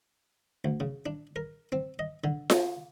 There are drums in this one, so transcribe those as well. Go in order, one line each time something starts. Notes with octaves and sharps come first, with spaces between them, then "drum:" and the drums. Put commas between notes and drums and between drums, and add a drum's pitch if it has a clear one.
D2
C#3
D4
A#4
C4
D#5
D3
drum: snare F4